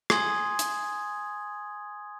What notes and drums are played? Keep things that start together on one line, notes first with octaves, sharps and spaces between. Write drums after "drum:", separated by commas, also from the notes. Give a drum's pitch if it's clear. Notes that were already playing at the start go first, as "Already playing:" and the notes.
G#5 C6 D#6 G#6 F#7, drum: rim click
drum: hi-hat